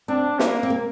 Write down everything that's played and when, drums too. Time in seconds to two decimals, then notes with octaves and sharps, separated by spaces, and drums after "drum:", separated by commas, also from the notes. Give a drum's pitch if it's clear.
0.08 C4 D4
0.39 A#3, drum: snare
0.63 C4
0.70 A#3